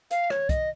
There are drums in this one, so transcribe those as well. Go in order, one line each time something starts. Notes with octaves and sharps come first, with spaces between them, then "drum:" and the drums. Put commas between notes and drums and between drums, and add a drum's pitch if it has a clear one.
F5, drum: hi-hat
C#5, drum: rim click
D#5, drum: kick, hi-hat